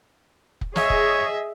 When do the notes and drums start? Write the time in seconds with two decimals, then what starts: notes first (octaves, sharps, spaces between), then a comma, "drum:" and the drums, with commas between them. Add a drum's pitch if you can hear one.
0.61 drum: kick
0.76 G#4 C#5 D#5 E5, drum: snare
0.90 drum: kick